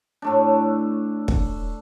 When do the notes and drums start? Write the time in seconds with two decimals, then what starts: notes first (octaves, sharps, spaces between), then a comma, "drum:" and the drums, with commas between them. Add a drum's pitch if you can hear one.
0.22 A2 A3 D4
1.28 drum: kick